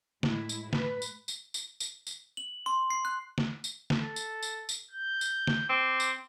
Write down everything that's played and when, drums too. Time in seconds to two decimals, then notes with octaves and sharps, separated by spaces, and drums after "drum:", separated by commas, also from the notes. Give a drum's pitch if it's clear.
0.23 A2 G#3 E4, drum: snare
0.49 drum: tambourine
0.73 B4, drum: snare
1.02 drum: tambourine
1.28 drum: tambourine
1.54 drum: tambourine
1.80 drum: tambourine
2.07 drum: tambourine
2.37 F#7
2.66 C6
2.90 C7
3.05 F#6
3.38 drum: snare
3.64 drum: tambourine
3.90 drum: snare
3.99 A4
4.16 drum: tambourine
4.43 drum: tambourine
4.69 drum: tambourine
4.91 G6
5.21 drum: tambourine
5.47 drum: snare
5.69 C4 D6
6.00 drum: tambourine